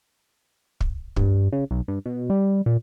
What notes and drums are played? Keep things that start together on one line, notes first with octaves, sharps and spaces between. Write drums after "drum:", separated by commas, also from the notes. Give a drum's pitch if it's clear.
drum: kick
G2, drum: kick
C#3
B1
G2
B2
G3
A#2